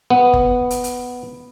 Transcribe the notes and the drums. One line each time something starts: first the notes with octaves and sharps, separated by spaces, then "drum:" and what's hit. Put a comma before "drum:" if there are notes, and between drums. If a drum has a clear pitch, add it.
B3
drum: kick F#1
drum: hi-hat
drum: hi-hat